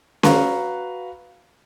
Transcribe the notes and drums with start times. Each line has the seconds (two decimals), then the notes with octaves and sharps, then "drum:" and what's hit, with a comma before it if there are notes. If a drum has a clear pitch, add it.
0.23 F#4 B4 F5 A#5 C#6, drum: snare C#4